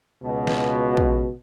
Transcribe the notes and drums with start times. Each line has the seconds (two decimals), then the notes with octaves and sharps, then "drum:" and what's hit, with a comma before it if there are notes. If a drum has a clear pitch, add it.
0.22 C#2 B2
0.47 drum: snare
0.97 drum: kick